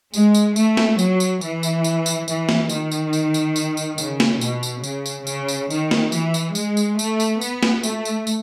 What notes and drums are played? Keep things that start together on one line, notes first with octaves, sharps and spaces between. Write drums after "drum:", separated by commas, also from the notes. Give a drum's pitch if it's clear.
G#3, drum: tambourine
drum: tambourine
A3, drum: tambourine
drum: snare
F#3, drum: tambourine
drum: tambourine
E3, drum: tambourine
drum: tambourine
drum: tambourine
drum: tambourine
E3, drum: tambourine
drum: snare
D#3, drum: tambourine
drum: tambourine
drum: tambourine
drum: tambourine
drum: tambourine
drum: tambourine
C#3, drum: tambourine
drum: snare
B2, drum: tambourine
drum: tambourine
C#3, drum: tambourine
drum: tambourine
C#3, drum: tambourine
drum: tambourine
D#3, drum: tambourine
drum: snare
E3, drum: tambourine
drum: tambourine
G#3, drum: tambourine
drum: tambourine
A3, drum: tambourine
drum: tambourine
B3, drum: tambourine
drum: snare
A3, drum: tambourine
drum: tambourine
drum: tambourine